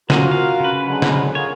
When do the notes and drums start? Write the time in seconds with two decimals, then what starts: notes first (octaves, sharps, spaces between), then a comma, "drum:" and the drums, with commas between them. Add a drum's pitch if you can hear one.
0.10 F#3 C#4 F4 F#4 A#4, drum: snare
0.32 F5
0.60 C#3 B4
0.84 D3 F#3 G#3
1.02 drum: snare
1.35 F4 G#4 A#4 C#5